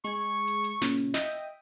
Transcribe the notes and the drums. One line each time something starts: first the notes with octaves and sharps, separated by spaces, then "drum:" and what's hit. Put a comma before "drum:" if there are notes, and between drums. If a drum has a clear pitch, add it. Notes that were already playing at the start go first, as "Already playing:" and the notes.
G#3 C#6 G#6
drum: hi-hat
drum: hi-hat
A#2 C#3, drum: snare
drum: hi-hat
D#5 E5 G5 D#6, drum: snare
drum: hi-hat